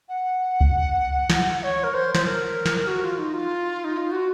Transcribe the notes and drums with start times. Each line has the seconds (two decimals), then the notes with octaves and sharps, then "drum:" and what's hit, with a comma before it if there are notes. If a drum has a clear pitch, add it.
0.08 F#5
0.61 drum: kick C#2
1.30 drum: snare
1.63 C#5
1.83 A#4
1.94 C5
2.15 C5, drum: snare
2.24 A#4
2.66 drum: snare
2.87 F#4
3.02 F4
3.18 D#4
3.33 F4
3.84 D#4
3.97 F4
4.11 F#4